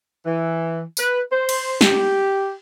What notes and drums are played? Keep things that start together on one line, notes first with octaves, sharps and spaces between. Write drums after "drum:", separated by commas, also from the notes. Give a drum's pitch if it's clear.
E3
B4, drum: tambourine
C5
drum: cymbal
G4, drum: snare